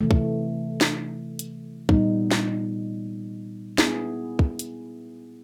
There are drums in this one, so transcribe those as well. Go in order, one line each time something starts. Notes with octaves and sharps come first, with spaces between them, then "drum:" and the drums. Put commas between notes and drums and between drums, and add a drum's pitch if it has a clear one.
C3 E3 A3
drum: kick
drum: snare
drum: hi-hat
A#2 G3 B3 D#4, drum: kick
drum: snare
B3 E4 G#4, drum: snare
drum: kick
drum: hi-hat